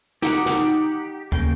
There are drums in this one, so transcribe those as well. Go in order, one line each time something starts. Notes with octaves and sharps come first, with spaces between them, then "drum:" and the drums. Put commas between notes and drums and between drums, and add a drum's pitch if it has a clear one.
D#4 G4 F#5, drum: snare
drum: snare
C#3 A#3 G5, drum: kick D2